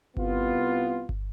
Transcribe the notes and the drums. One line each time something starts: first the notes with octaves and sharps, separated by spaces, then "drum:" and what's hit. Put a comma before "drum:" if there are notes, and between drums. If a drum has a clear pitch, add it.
C2 B3 F4, drum: kick G1
drum: kick G1